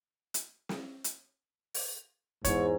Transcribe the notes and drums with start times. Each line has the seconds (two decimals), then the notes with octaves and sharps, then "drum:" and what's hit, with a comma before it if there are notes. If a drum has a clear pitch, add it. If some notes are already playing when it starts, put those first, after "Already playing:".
0.34 drum: hi-hat
0.69 drum: snare
1.04 drum: hi-hat
1.74 drum: open hi-hat
2.45 E2 G#2 C#5, drum: kick, hi-hat